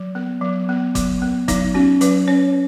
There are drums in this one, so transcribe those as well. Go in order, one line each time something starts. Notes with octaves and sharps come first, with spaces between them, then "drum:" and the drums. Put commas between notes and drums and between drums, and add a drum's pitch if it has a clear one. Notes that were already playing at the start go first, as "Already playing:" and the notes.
Already playing: F#3
B3
F#3
B3
F#3, drum: kick G1, hi-hat
B3
F#3 D#4, drum: kick G1, hi-hat
C#4 F#4
F#3 B4, drum: hi-hat
C#4 C#5